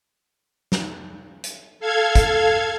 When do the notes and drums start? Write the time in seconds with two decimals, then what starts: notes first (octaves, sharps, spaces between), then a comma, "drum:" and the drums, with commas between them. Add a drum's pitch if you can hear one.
0.72 drum: snare
1.44 drum: hi-hat
1.80 A4 F5 G#6
2.15 drum: kick, hi-hat